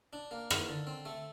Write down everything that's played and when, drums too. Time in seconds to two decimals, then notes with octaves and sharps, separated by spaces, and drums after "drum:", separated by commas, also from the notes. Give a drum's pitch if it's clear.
0.13 D4
0.31 A#3
0.50 D#3, drum: rim click
0.69 D3
0.87 C4
1.05 A3